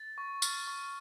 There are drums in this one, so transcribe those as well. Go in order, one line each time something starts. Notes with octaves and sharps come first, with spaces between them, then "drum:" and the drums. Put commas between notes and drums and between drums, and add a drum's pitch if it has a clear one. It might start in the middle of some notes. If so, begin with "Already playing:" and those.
Already playing: A6
C#6
F6 A6, drum: tambourine
C#6